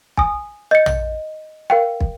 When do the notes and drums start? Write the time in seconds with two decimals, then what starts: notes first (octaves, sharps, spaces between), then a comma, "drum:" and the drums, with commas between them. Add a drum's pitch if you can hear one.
0.17 G#5 D#6, drum: kick
0.71 D#5 G6 C#7
0.86 drum: tom A#1
1.70 A#4 F5 G5
2.00 drum: kick